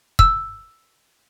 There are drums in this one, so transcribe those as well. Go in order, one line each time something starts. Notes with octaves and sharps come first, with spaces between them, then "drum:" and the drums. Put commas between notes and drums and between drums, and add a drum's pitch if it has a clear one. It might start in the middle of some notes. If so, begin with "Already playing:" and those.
E6, drum: kick